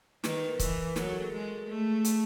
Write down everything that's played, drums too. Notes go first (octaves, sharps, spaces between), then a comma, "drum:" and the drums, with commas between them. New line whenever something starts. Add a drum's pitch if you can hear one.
D#3 B4, drum: snare
B4
A#4
E3, drum: kick C#1, hi-hat
F#3 A#4, drum: snare
A4
G#4
G#3
A3 G#4
drum: hi-hat